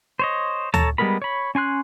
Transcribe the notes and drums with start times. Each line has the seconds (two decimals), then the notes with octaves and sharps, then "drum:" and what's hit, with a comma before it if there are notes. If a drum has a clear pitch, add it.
0.19 C5 C#5 D#5
0.74 A4 C#5 A5 A#5, drum: tom D2
0.98 G3 G#3 B3 A#4 B5
1.22 C#5 B5
1.55 C#4 G#5 C6 F#6